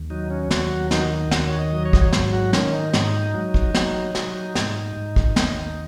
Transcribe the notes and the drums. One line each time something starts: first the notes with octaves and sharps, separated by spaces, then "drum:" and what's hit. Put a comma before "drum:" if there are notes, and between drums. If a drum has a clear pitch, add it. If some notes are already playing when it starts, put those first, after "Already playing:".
Already playing: D#2
F#3 D#4
C#4
D#2 F#4, drum: snare
D#3 D#4, drum: snare
F#4
D#4
D#2 F#4, drum: snare
C#5
D#5
F#3
C#5
D#5, drum: kick
C#5
G#2, drum: snare
F#4
D#3 C#4, drum: snare
D#4
G#2 D#4, drum: snare
F#3
drum: kick
F#3, drum: snare
F#3, drum: snare
G#2, drum: snare
G#2
drum: kick
D#2, drum: snare